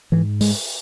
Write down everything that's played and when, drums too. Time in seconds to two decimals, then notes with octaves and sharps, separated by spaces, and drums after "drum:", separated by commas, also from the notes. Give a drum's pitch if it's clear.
0.12 G#2 E3
0.41 G#3, drum: open hi-hat